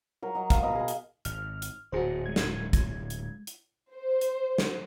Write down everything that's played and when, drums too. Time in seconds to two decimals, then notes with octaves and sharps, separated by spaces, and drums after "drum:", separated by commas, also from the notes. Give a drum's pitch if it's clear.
0.22 F#3 A#4
0.35 F#3 D#5
0.50 F5, drum: kick, hi-hat
0.63 B2 D#5
0.75 G#4 B4
0.88 drum: hi-hat
1.25 G#1 F6, drum: hi-hat
1.62 drum: hi-hat
1.92 D1 A#2 F#4 G#4 C5
2.26 G#3 G#6
2.36 drum: snare
2.73 drum: kick, hi-hat
3.10 drum: hi-hat
3.47 drum: hi-hat
3.92 C5
4.21 drum: hi-hat
4.58 drum: snare